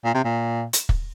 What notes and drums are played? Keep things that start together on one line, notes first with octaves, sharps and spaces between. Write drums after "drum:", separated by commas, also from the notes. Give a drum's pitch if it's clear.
A#2
C3
A#2
drum: hi-hat
drum: kick